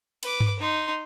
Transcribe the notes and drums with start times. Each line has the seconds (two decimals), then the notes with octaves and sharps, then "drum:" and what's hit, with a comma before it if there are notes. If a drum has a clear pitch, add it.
0.23 B4 D6, drum: cymbal
0.40 drum: tom G2
0.59 D#4 C6